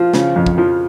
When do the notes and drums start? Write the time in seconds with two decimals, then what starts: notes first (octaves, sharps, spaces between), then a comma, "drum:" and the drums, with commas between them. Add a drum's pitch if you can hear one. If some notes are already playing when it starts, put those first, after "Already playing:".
Already playing: F3 F4
0.13 C#3, drum: snare
0.36 F2
0.46 drum: kick
0.58 F3